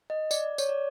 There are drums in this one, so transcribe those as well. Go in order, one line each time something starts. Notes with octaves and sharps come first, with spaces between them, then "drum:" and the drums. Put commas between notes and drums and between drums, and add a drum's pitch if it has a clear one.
D#5
D5, drum: tambourine
C#5, drum: tambourine
D5